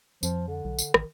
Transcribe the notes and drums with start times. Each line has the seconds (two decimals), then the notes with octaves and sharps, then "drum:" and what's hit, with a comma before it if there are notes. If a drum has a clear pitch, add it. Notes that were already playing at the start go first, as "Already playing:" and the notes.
0.23 F2 F3, drum: tambourine
0.47 D3
0.65 B1
0.79 drum: tambourine
0.94 A1 D#3, drum: rim click